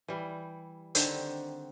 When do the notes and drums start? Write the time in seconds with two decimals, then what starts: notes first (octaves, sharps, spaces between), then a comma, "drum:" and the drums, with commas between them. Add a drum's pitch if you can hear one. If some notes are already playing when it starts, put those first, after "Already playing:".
0.08 E3 G3
0.95 D3 D#3 C4 G4, drum: hi-hat